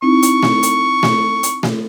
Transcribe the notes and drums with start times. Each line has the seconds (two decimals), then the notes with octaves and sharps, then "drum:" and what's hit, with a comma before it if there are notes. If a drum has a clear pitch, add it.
0.02 C4 D#4 E4 C#6
0.23 drum: hi-hat
0.43 drum: snare A3
0.63 drum: hi-hat
1.03 drum: snare A3
1.43 drum: hi-hat
1.63 drum: snare A3